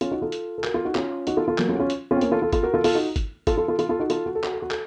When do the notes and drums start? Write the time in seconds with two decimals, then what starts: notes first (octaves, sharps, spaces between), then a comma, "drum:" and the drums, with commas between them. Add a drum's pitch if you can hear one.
0.01 C#4 F4, drum: hi-hat
0.11 D#4 F#4
0.22 F4 A4
0.32 drum: hi-hat
0.58 A4
0.64 F#4 A#4, drum: clap
0.74 F4 A4
0.85 D#4 F#4
0.95 C#4 F4, drum: clap
1.27 D#4 F#4, drum: hi-hat
1.37 F4 A4
1.48 F4 A4
1.58 F#3 A#3, drum: clap
1.69 C#4 F4
1.75 F#4
1.80 C#4 F4
1.90 drum: hi-hat
2.11 C#4 F4
2.17 C4
2.21 A#3 C#4, drum: hi-hat
2.32 F4 A4
2.42 F4 A4
2.53 F4 A4, drum: kick G#1, hi-hat
2.63 F#4 A#4
2.74 F4 A4
2.84 F4 A4, drum: open hi-hat
2.95 D#4 F#4
3.16 drum: kick G#1, hi-hat
3.47 F4 A4, drum: kick G#1, hi-hat
3.58 F4 A4
3.68 F4 A4
3.79 F4 A4, drum: hi-hat
3.89 F4 A4
3.99 D#4 F#4
4.10 F4 A4, drum: hi-hat
4.26 F#4
4.35 A4
4.44 F#4, drum: clap
4.53 A4
4.62 F#4
4.71 A4, drum: clap